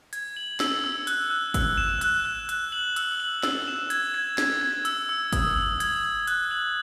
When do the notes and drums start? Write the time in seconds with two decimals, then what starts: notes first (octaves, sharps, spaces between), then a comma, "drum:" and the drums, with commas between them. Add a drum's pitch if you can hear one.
0.13 G#6, drum: hi-hat
0.36 F#7
0.60 E6, drum: snare
0.84 E6
1.07 F#6, drum: hi-hat
1.30 F#6
1.54 E6, drum: kick G1, hi-hat
1.77 E7
2.01 F#6, drum: hi-hat
2.25 F#6
2.49 F#6, drum: hi-hat
2.72 F#7
2.96 E6, drum: hi-hat
3.20 F#7
3.43 E6, drum: snare
3.67 E7
3.90 G#6, drum: hi-hat
4.14 G#6
4.38 G#6, drum: snare
4.61 G#6
4.85 E6, drum: hi-hat
5.09 E6
5.32 D#6, drum: kick G1, hi-hat
5.56 F#7
5.80 G#6, drum: hi-hat
6.03 G#6
6.27 F#6, drum: hi-hat
6.51 F#7